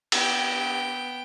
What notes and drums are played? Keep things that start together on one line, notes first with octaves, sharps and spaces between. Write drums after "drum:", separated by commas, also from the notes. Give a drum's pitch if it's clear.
B3 G5, drum: cymbal